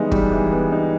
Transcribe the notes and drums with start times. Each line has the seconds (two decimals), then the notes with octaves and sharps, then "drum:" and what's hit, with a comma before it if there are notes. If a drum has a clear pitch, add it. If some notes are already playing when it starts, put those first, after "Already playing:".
Already playing: E3 G3 G#3 B3 D#4
0.11 G3, drum: kick
0.32 E3
0.52 B3
0.72 D#4